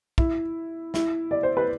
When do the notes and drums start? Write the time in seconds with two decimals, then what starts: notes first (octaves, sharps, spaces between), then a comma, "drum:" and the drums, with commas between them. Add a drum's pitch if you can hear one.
0.18 E4, drum: kick
0.94 E4, drum: snare
1.31 D5
1.43 C5
1.57 B4